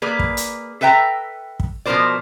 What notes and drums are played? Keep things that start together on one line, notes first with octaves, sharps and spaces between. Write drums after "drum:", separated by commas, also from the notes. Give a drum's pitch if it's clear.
A#3 G#4 B4 D5
drum: kick
drum: hi-hat
A4 B4 E5 G5 A#5
drum: kick
B2 F3 C4 A#4 C5 D5